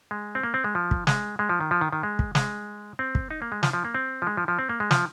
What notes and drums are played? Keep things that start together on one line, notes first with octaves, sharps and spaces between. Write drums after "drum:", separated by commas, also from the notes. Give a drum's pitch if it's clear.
G#3
C4
A#3
C4
G#3
F3
drum: kick
G#3, drum: snare
G#3
F3
D#3
F3
D#3
D#3
G#3
drum: kick
G#3, drum: snare
C4
drum: kick
D#4
A#3
G#3
F3, drum: snare
F3
A#3
C4
F3
G#3
F3
F3
C4
A#3
G#3
F3, drum: snare